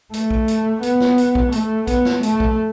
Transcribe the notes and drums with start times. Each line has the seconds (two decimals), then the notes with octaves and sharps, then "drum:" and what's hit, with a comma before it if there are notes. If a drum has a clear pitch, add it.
0.14 A3, drum: hi-hat
0.30 drum: kick
0.48 drum: hi-hat
0.83 B3, drum: hi-hat
1.00 drum: snare
1.18 drum: hi-hat
1.35 drum: kick
1.52 A3, drum: hi-hat
1.87 B3, drum: kick, hi-hat
2.05 drum: snare
2.23 A3, drum: hi-hat
2.40 drum: kick